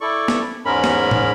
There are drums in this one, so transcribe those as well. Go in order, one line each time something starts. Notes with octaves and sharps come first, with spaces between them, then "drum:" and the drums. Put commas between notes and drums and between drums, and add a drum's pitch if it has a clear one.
E4 A4 D5 C#6
drum: snare
E2 G#2 G#3 C#4 A#4 B5
drum: snare
drum: tom A2